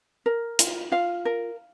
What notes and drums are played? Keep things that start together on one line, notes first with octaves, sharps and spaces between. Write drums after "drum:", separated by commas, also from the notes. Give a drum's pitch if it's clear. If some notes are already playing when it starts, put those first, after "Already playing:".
A#4
F4, drum: hi-hat
F4 F5
A#4